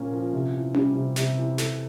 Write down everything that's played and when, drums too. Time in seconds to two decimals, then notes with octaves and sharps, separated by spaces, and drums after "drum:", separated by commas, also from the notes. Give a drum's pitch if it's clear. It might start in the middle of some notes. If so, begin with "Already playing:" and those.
Already playing: A#2 F3 A#3 C#4
0.12 F3
0.33 C3
0.54 E3
0.75 G3, drum: tom C#4
0.95 C3
1.16 C3, drum: snare
1.37 E3
1.58 A4, drum: snare